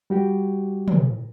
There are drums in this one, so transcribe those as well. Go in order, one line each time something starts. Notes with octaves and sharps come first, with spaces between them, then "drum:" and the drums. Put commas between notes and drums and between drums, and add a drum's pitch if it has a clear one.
G3 F#4 G4
drum: tom